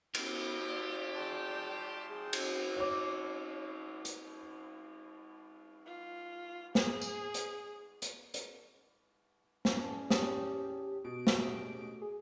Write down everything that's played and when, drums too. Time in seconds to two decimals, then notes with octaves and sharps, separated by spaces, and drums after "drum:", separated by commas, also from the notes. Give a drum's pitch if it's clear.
0.15 B3 G4, drum: cymbal
0.69 F4 D5
1.15 G#4 G5 A5 C6
2.09 G#4 G5
2.33 drum: cymbal
2.77 C#5 D6
4.05 drum: hi-hat
5.86 F4
6.75 G#4, drum: snare
7.02 drum: tambourine
7.34 drum: hi-hat
8.02 drum: hi-hat
8.34 drum: hi-hat
9.65 E2 C#4 A5, drum: snare
10.10 G4 C#5 A5 D#6, drum: snare
11.04 B2 D7
11.27 G#3 A3 C#4 F#4 G4 A4, drum: snare
12.01 G#4